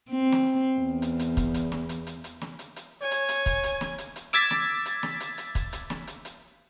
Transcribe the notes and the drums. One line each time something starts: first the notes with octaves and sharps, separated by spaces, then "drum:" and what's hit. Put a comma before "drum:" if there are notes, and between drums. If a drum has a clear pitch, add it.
C4
drum: snare
E2
drum: hi-hat
drum: hi-hat
drum: kick, hi-hat
drum: hi-hat
drum: snare
drum: hi-hat
drum: hi-hat
drum: hi-hat
drum: snare
drum: hi-hat
drum: hi-hat
C#5 G#5
drum: hi-hat
drum: hi-hat
drum: kick, hi-hat
drum: hi-hat
drum: snare
drum: hi-hat
drum: hi-hat
D6 E6 G#6 A6 B6, drum: hi-hat
drum: snare
drum: hi-hat
drum: snare
drum: hi-hat
drum: hi-hat
drum: kick, hi-hat
drum: hi-hat
drum: snare
drum: hi-hat
drum: hi-hat